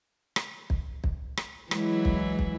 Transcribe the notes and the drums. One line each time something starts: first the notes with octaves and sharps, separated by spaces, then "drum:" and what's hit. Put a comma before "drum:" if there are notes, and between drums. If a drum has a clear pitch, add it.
drum: rim click
drum: kick
drum: kick
drum: rim click
E3 F#3 G#3 E4, drum: rim click
drum: kick
drum: kick